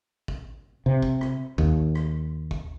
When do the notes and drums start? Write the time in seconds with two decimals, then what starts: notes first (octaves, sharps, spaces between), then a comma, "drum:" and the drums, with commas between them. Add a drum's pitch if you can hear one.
0.28 drum: kick
0.86 C3
1.03 drum: kick
1.21 drum: rim click
1.58 D#2, drum: kick
1.95 drum: rim click
2.51 drum: kick